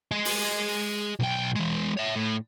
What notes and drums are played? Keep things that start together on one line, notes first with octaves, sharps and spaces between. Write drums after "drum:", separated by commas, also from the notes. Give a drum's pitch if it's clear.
G#4 D#5
drum: open hi-hat
B1 G5
E3 G#3
C#5 E5
A2